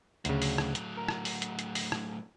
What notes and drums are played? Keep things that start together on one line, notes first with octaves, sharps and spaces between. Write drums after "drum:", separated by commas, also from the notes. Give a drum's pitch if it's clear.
D2 A2 C#3 F#3, drum: hi-hat
drum: open hi-hat
drum: rim click
drum: hi-hat
A#4
drum: rim click
drum: open hi-hat
drum: hi-hat
drum: hi-hat
drum: open hi-hat
drum: rim click